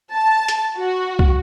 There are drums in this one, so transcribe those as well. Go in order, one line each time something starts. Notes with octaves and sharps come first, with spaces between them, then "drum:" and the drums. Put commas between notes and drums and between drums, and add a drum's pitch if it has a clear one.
A5
drum: hi-hat
F#4
drum: kick